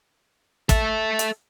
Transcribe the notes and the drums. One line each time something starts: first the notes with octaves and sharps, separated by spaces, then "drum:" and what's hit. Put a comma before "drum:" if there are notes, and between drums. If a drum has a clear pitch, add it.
A4 E5, drum: kick, hi-hat
drum: hi-hat